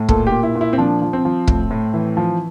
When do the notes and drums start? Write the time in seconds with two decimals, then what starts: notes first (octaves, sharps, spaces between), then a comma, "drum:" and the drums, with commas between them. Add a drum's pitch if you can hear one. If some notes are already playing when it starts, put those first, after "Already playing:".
Already playing: A2
0.09 A#2 A4, drum: kick
0.27 G4
0.32 A#2
0.43 E4
0.55 A#2
0.61 E4
0.73 C4
0.78 F3 D4
1.02 F3
1.13 C4
1.25 F3
1.47 A2, drum: kick
1.71 A2
1.94 E3
2.17 F3